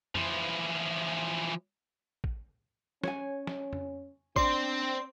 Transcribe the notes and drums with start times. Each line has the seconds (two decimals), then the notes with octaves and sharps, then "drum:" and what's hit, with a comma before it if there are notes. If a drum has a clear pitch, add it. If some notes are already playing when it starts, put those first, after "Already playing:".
0.15 E3 F3, drum: tom F2
2.24 drum: kick
3.04 C#4 C#5 G#5, drum: snare
3.47 drum: snare
3.73 drum: tom F2
4.36 C4 D4 C5 D5 C6, drum: kick